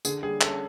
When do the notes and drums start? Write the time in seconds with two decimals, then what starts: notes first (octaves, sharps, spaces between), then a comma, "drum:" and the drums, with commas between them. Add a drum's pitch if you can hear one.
0.05 D3 G#4, drum: tambourine
0.23 G3 G#4
0.41 C#4 A4, drum: clap